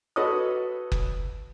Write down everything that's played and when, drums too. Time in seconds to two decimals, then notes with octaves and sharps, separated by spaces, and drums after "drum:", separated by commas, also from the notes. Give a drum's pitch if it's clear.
0.16 F#4 A4 B4 C#5 D#5 D#6
0.92 drum: kick F#1